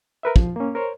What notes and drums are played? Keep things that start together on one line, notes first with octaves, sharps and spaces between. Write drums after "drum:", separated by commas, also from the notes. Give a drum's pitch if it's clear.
A#4 B4 E5
F3, drum: kick
A#3 C#4
A#4 C5 C#5